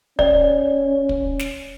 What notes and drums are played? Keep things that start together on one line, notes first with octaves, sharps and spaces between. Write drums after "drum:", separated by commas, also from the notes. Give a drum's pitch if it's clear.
C#4 D5, drum: kick
drum: kick
drum: snare